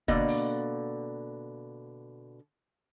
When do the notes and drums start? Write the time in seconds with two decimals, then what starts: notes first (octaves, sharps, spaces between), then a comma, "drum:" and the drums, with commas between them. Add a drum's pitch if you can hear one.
0.08 B2 D3 A#3 D5 D#5, drum: kick
0.28 drum: open hi-hat